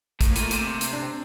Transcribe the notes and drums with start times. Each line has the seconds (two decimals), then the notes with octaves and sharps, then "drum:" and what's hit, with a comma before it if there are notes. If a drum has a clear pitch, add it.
0.21 A2, drum: kick, hi-hat
0.31 A#3
0.36 A#2, drum: hi-hat
0.41 A3
0.51 C3, drum: hi-hat
0.81 drum: hi-hat
0.93 D4
1.03 C4